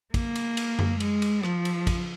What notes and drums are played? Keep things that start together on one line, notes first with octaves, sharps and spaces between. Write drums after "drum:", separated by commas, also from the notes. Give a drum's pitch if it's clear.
A#3, drum: kick, cymbal
drum: cymbal
drum: cymbal
drum: tom F#2
G#3, drum: cymbal
drum: cymbal
F3, drum: rim click
drum: cymbal
drum: kick, cymbal